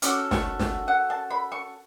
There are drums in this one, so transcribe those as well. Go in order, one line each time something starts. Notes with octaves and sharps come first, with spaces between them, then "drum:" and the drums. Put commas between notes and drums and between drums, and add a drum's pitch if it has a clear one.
C#4 F#4 A4 D6, drum: hi-hat
C#6, drum: snare
drum: snare
F#5
A5
B5
C#6